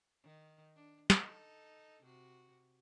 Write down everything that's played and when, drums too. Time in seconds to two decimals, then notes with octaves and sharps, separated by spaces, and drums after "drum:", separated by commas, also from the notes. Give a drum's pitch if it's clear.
0.23 D#3
0.76 D4
1.10 D#4 A4, drum: snare
2.03 C3 F#4